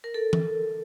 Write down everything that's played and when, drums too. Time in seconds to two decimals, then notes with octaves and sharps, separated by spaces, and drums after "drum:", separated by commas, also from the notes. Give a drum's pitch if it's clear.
0.04 A#4
0.14 A4
0.33 drum: tom E3